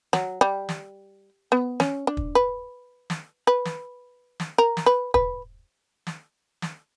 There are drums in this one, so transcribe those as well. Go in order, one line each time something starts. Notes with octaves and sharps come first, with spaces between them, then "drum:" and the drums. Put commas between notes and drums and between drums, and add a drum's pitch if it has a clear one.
F#3, drum: snare
G3
drum: snare
B3
C#4, drum: snare
D4
drum: kick
B4
drum: snare
B4
drum: snare
drum: snare
A#4
drum: snare
B4
B4, drum: kick
drum: snare
drum: snare